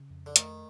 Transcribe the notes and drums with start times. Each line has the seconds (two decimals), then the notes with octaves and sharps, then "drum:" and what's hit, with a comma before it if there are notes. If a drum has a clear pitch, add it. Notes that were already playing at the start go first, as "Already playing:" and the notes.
Already playing: C#3
0.10 F2
0.26 D3
0.36 D#3 A3, drum: hi-hat